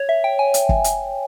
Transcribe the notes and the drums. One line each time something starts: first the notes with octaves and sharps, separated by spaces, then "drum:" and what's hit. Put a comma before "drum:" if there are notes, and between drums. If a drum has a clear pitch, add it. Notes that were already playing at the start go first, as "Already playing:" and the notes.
Already playing: C#5
E5
G5
G#5
drum: hi-hat
drum: kick
drum: hi-hat